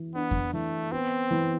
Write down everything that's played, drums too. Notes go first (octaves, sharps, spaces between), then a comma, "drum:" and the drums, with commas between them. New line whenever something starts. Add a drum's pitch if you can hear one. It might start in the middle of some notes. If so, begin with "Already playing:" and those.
Already playing: E3
B3 D4
drum: kick F2
E3 A3
B3 C4
E3